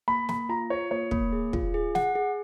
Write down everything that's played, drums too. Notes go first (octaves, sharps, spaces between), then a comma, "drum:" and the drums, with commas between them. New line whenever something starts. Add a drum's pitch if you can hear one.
A#3 B5
A#3 B5, drum: snare
F4 A#5
F4 C#5
A#3 C#5
A#3, drum: kick
G#4
F4, drum: kick
G#4
F#5, drum: snare
G#4